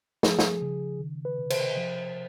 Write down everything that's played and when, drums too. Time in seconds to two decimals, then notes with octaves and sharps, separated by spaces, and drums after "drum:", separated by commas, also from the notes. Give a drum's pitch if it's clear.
0.23 F3 G#4, drum: snare
0.39 drum: snare
0.62 C#3
1.00 D#3
1.25 B4
1.38 C3
1.50 C5, drum: cymbal
1.77 F3